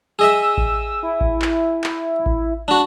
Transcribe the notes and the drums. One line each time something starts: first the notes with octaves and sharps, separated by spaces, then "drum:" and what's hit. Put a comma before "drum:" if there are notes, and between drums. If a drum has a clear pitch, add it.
G#4 D#5 E5 E6
drum: kick A1
E4
drum: kick A1
drum: clap
drum: clap
drum: kick A1
D4 F#4